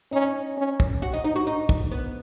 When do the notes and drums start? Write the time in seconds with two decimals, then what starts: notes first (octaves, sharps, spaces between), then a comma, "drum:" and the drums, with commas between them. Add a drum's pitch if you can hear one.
0.13 C#4 D#4
0.57 C#4
0.80 drum: kick
1.02 F#4
1.13 D#4
1.24 D#4
1.36 F#4
1.47 D#4
1.69 drum: kick
1.91 B3